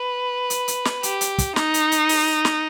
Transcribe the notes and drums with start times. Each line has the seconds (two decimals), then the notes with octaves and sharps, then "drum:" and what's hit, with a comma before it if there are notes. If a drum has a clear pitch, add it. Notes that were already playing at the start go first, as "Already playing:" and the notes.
Already playing: B4
0.50 drum: hi-hat
0.68 drum: hi-hat
0.85 drum: snare
1.03 G4, drum: hi-hat
1.21 drum: hi-hat
1.38 drum: kick, hi-hat
1.56 D#4, drum: snare
1.74 drum: hi-hat
1.92 drum: hi-hat
2.09 drum: open hi-hat
2.45 drum: snare